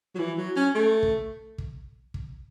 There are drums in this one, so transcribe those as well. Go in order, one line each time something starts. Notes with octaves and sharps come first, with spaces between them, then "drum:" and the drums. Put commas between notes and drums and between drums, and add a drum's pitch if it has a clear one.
F#3
E3
F#3
C#4
A3
drum: kick
drum: kick
drum: kick